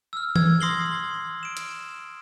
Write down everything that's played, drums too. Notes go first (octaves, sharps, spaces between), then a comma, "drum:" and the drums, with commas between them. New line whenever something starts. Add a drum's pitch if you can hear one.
E6 F6
E6 G#6, drum: tom E3
C6 D#6 A#6 C7 F#7 G7
D7 E7
drum: hi-hat